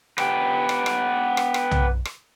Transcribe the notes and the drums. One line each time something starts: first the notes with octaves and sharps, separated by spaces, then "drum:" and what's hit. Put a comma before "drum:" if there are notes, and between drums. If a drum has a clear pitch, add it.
B3 G4, drum: rim click
drum: rim click
drum: rim click
drum: rim click
drum: rim click
drum: tom
drum: rim click